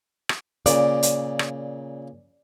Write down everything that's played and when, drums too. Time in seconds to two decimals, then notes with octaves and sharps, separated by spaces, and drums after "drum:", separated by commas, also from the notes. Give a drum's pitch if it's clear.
0.29 drum: rim click
0.66 A#2 C#3 D5, drum: hi-hat
1.03 drum: hi-hat
1.39 drum: rim click